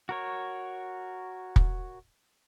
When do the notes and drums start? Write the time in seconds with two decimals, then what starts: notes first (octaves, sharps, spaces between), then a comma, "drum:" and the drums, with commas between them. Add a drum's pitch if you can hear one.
0.09 F#4 A#4 C#5
1.56 drum: kick